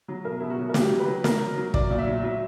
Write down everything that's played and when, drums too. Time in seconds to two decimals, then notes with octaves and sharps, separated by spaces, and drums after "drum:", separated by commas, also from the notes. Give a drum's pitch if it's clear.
0.08 F#3
0.25 B2 A#4
0.40 B2 E4
0.50 F#4
0.58 F#3
0.69 A#4
0.74 F#3 G4, drum: snare
0.92 F#3
0.99 B4
1.08 F#3
1.24 F#3 A#4, drum: snare
1.41 F#3
1.57 F#3
1.74 F#3 D5, drum: kick
1.90 A#2
1.98 E5
2.07 F#3
2.24 F#3 E5